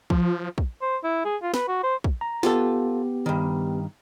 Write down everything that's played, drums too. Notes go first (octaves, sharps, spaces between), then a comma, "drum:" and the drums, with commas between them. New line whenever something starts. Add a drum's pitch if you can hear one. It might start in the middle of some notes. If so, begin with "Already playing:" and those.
F3, drum: kick
drum: kick
C5
E4
G#4
F4
B4, drum: snare
F#4
C5
drum: kick
A#5
B3 F4 G4 A4, drum: snare
G2 D#3